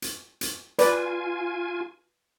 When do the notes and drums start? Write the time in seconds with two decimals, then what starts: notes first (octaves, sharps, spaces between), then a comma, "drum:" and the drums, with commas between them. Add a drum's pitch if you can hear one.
0.02 drum: hi-hat
0.41 drum: hi-hat
0.79 F4 B4 D5 G#5, drum: hi-hat